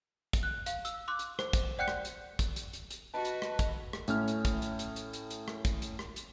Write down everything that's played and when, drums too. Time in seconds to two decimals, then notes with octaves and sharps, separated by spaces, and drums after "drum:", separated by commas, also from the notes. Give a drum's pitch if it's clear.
0.33 drum: kick, hi-hat
0.43 F#6
0.66 F5, drum: hi-hat
0.85 E6, drum: hi-hat
1.08 C6 D6 F#6
1.19 drum: hi-hat
1.39 C5, drum: rim click
1.53 drum: kick, hi-hat
1.79 D5 F#5 G5 F#6 G6 C#7
1.88 drum: rim click
2.05 drum: hi-hat
2.39 drum: kick, hi-hat
2.56 drum: hi-hat
2.73 drum: hi-hat
2.91 drum: hi-hat
3.14 F#4 B4 D#5 A5
3.25 drum: hi-hat
3.42 drum: rim click
3.59 drum: kick, hi-hat
3.93 drum: rim click
4.08 A2 C#4 F6, drum: hi-hat
4.28 drum: hi-hat
4.45 drum: kick, hi-hat
4.62 drum: hi-hat
4.79 drum: hi-hat
4.96 drum: hi-hat
5.13 drum: hi-hat
5.30 drum: hi-hat
5.48 drum: rim click
5.65 drum: kick, hi-hat
5.82 drum: hi-hat
5.99 drum: rim click
6.16 drum: hi-hat